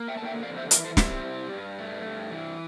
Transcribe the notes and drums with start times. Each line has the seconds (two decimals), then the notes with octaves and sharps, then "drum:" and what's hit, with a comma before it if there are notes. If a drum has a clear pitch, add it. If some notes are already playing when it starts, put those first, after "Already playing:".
Already playing: A#3
0.08 E5 G5
0.17 D3 A5
0.25 E5 G5
0.43 F2 D5 F5
0.57 C5 E5
0.71 E3 A#4 D5, drum: hi-hat
0.84 A4 C5
0.97 G3 C4 E4, drum: snare
1.24 C3
1.52 G2
1.78 A3
2.05 G2
2.31 E3